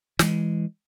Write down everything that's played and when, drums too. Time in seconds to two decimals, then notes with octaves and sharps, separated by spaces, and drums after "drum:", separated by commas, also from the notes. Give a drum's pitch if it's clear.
0.19 E3 G#3, drum: snare